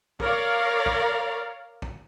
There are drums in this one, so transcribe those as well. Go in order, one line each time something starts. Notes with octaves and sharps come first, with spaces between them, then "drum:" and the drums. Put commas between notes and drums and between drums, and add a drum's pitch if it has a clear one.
A#4 C#5 D5 F5, drum: kick
drum: kick
drum: kick